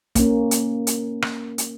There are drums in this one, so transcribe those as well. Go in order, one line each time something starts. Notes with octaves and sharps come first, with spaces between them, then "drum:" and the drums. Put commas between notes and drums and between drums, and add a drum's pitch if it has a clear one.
A#3 C#4, drum: kick, hi-hat
drum: hi-hat
drum: hi-hat
drum: rim click
drum: hi-hat